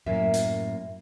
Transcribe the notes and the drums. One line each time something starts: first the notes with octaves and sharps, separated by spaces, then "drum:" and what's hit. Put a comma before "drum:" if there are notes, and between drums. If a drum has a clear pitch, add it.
F#2 A2 A#3 E5
drum: hi-hat